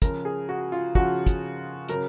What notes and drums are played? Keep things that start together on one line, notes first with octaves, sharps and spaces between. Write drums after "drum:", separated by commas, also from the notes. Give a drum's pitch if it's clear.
C#3 F3 A#4, drum: kick, hi-hat
G#4
F#4
F4
C#3 F3 F#4, drum: kick
drum: kick, hi-hat
C#3 F#3 A#4, drum: hi-hat